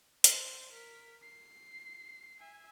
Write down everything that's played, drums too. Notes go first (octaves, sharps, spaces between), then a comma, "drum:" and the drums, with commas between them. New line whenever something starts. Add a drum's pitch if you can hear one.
C5, drum: hi-hat
A#4 B6
C7
E5 G#5